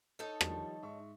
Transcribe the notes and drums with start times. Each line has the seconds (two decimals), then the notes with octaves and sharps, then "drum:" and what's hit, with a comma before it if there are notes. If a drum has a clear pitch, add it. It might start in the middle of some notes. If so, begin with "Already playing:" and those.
0.19 D#4 A4 C#5
0.41 D#3 F3 G3, drum: rim click
0.83 G#2 E5 C#6